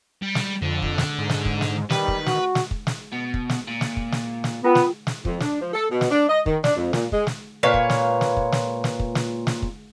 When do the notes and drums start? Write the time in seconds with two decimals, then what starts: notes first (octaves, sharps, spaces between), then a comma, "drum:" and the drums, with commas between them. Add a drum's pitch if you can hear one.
0.22 G3
0.35 drum: snare
0.62 F2 D3
0.82 drum: kick
0.98 drum: snare
1.19 G#2
1.29 drum: snare
1.45 drum: kick
1.61 drum: snare
1.90 D#3 G3 B4, drum: snare
2.08 drum: kick
2.26 F#4, drum: snare
2.55 drum: snare
2.71 drum: kick
2.87 drum: snare
3.12 B2
3.34 drum: kick
3.49 drum: snare
3.67 A#2
3.81 drum: snare
3.97 drum: kick
4.12 drum: snare
4.44 drum: snare
4.64 B3 F4 A#4 G5
4.75 drum: snare
5.07 drum: snare
5.25 F2, drum: kick
5.40 D4, drum: snare
5.60 F3
5.74 A4
5.91 B2
6.01 drum: snare
6.11 D4
6.28 D#5
6.46 D#3, drum: kick
6.64 D4, drum: snare
6.76 F2
6.93 A#2, drum: snare
7.12 G#3, drum: kick
7.27 drum: snare
7.63 A#2 B4 C#5 F5
7.74 drum: kick
7.90 drum: snare
8.21 drum: snare
8.37 drum: kick
8.52 drum: snare
8.84 drum: snare
9.00 drum: kick
9.15 drum: snare
9.47 drum: snare
9.62 drum: kick